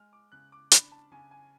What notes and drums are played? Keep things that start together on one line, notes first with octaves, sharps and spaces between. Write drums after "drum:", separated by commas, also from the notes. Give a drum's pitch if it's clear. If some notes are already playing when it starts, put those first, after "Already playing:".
Already playing: G#3 F6
D6
C#3 F#6
D6
D4 B5, drum: hi-hat
A5
C#3 G#5
G#5